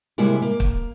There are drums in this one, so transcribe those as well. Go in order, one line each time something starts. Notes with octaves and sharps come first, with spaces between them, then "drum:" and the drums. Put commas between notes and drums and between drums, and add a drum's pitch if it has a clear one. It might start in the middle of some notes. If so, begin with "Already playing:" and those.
C3 G3 G#3 A#3 E4
A#3
drum: kick